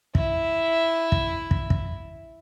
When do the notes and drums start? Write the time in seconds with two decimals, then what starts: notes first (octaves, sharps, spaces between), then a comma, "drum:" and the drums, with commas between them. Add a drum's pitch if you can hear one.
0.15 E4 E5, drum: kick
1.12 drum: kick
1.51 drum: kick
1.70 drum: kick